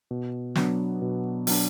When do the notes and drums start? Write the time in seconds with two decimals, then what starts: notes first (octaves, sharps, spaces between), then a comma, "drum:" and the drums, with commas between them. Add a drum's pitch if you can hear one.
0.11 B2
0.55 F#3 B3 D4, drum: snare
1.02 B2
1.47 F#3 B3 D4, drum: open hi-hat